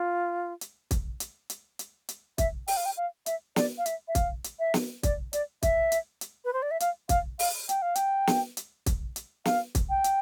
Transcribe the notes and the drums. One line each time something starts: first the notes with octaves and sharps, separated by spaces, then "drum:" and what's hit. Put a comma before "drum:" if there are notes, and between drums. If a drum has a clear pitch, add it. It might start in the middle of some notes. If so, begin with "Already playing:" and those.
Already playing: F4
drum: hi-hat
drum: kick, hi-hat
drum: hi-hat
drum: hi-hat
drum: hi-hat
drum: hi-hat
E5, drum: kick, hi-hat
G5, drum: open hi-hat
F5
G5
F5
E5, drum: hi-hat
D5, drum: snare
F5
E5, drum: hi-hat
E5
F5, drum: kick, hi-hat
drum: hi-hat
E5
drum: snare
D5, drum: kick, hi-hat
D5, drum: hi-hat
E5, drum: kick, hi-hat
drum: hi-hat
drum: hi-hat
B4
C5
D5
E5
F5, drum: hi-hat
F5, drum: kick, hi-hat
F5, drum: open hi-hat
G5, drum: hi-hat
F5
G5, drum: hi-hat
drum: snare
drum: hi-hat
drum: kick, hi-hat
drum: hi-hat
F5, drum: snare
drum: kick, hi-hat
G5
drum: hi-hat